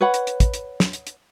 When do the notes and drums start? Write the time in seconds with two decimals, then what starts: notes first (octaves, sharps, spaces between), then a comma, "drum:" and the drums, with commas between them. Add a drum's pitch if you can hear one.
0.01 B4 C#5 F#5 B5
0.14 drum: hi-hat
0.27 drum: hi-hat
0.40 drum: kick, hi-hat
0.54 drum: hi-hat
0.80 drum: snare
0.93 drum: hi-hat
1.07 drum: hi-hat